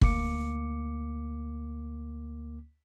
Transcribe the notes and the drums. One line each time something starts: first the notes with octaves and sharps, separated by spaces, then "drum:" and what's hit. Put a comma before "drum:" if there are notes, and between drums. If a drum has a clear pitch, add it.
D2 A#3 D6 C#7, drum: kick